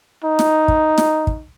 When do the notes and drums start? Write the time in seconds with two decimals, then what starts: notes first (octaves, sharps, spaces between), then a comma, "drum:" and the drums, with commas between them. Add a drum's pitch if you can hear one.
0.24 D#4
0.39 drum: snare
0.68 drum: kick
0.98 drum: snare
1.27 drum: kick